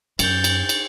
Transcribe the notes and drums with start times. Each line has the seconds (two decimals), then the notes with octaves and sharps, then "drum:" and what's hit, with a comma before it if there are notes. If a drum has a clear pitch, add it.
0.19 F#2 G6 A6, drum: cymbal
0.44 drum: cymbal
0.69 drum: cymbal